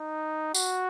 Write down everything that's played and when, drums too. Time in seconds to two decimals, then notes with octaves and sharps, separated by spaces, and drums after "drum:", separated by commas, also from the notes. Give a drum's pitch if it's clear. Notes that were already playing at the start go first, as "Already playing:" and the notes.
Already playing: D#4
0.54 F#4, drum: tambourine